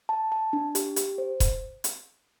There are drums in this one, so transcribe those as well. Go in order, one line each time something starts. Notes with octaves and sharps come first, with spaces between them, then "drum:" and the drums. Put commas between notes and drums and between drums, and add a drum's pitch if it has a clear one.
A5
A5
D4
G4, drum: hi-hat
G4, drum: hi-hat
C5
drum: kick E1, hi-hat
drum: hi-hat